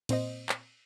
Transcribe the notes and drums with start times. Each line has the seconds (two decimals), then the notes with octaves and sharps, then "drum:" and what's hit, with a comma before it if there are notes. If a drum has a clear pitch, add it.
0.09 A#2 C4 C5 D#5, drum: cymbal
0.49 drum: clap